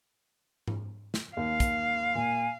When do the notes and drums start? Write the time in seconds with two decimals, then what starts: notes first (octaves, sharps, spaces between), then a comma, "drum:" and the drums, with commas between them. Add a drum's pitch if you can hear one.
0.67 drum: tom G#2
1.14 drum: snare
1.37 D#2 F5
1.60 drum: kick, hi-hat
2.15 A#2 G#5